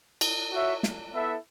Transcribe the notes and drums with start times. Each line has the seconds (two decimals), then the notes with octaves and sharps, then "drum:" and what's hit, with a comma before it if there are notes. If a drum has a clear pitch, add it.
0.21 drum: cymbal
0.52 F#4 C#5 E5
0.83 drum: snare
1.14 B3 E4 A4 E5